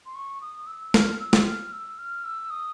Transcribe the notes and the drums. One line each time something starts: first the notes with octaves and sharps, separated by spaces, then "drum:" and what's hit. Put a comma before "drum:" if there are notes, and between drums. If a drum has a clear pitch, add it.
C6
C#6
D#6
E6
F6, drum: snare
E6
drum: snare
F6
E6
F6
E6
D#6